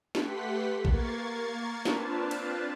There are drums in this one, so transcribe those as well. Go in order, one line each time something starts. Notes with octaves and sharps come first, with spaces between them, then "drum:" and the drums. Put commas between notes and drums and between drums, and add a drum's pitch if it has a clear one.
A3 G4 B4 F#5 C6 B6, drum: snare
A#3 A#4 C#6 G#6 A6 C7, drum: kick A#1
C4 D4 F4 B4 F5 A5, drum: snare
drum: cymbal